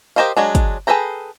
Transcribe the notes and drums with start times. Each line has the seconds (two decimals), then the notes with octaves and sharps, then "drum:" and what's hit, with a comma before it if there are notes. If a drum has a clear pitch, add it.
0.16 G4 A#4 C5 D#5 F5
0.37 F#3 G#3 D4
0.55 drum: kick, hi-hat
0.87 G#4 A4 B4 G5 A#5